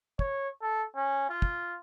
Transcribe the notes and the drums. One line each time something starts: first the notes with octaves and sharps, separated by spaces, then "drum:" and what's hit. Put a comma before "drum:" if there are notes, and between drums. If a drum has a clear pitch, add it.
C#5, drum: kick
A4
C#4
F4
drum: kick